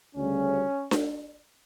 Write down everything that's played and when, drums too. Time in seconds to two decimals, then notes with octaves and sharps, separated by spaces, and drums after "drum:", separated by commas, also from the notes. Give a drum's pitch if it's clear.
0.15 D2 C#3 G3 C#4
0.91 drum: snare D4